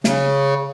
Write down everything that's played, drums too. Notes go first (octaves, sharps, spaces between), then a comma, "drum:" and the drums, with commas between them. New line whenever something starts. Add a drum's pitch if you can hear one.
C#3, drum: snare